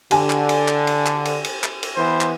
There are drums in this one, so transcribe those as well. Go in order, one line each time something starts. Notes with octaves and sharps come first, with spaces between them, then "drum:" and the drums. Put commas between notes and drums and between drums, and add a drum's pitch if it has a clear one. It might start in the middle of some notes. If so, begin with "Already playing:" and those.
D3 G4 G#5, drum: cymbal
drum: clap
drum: cymbal
drum: clap
drum: cymbal
drum: clap
drum: cymbal
drum: cymbal
drum: clap
drum: cymbal
E3 B3 C5
drum: clap